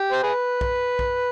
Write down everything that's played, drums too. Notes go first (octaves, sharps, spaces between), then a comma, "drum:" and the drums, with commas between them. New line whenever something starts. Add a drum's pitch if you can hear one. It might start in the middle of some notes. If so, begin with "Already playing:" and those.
Already playing: G4
C5
G#4 B4
drum: kick
drum: kick